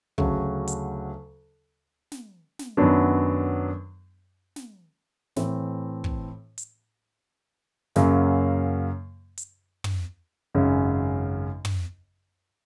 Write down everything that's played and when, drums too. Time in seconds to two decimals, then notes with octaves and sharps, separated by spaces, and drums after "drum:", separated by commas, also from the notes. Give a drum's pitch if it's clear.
0.18 D2 C#3 F#3 A3, drum: kick
0.67 drum: hi-hat
2.12 drum: snare
2.59 drum: snare
2.77 F#2 D#3 F#3 B3 D4
4.56 drum: snare
5.36 A2 E3 A3 C4, drum: snare
6.04 drum: kick
6.58 drum: hi-hat
7.96 F#2 C#3 F#3 A#3, drum: snare
9.38 drum: hi-hat
9.84 drum: tom
10.54 G#1 F#2 C#3
11.65 drum: tom